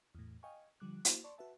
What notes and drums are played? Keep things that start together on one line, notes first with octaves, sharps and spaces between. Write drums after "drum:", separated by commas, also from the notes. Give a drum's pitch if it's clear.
E2 A2
D#5 F5 G5 G#5 C#6
D3 F3 G3 D6 F#6
A#3 E4 F#4 C5, drum: hi-hat
D5 A5 C6 C#6
F#4 B4 E5 A5